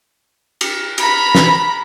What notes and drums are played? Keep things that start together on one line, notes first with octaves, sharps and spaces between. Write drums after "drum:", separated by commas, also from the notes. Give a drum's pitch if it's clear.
drum: cymbal
A#5 B5, drum: cymbal
drum: snare